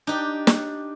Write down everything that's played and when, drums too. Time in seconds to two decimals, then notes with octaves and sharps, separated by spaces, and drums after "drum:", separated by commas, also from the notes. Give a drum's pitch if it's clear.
0.07 D4 D#4 G4
0.47 drum: snare